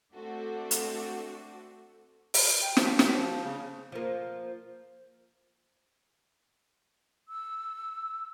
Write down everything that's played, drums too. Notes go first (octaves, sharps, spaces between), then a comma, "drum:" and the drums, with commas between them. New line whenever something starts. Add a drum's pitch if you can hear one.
A3 C4 D4 F#4 A4
drum: hi-hat
drum: open hi-hat
G5
F3, drum: snare
C#3, drum: snare
F3
C#3
F3 A#3
E6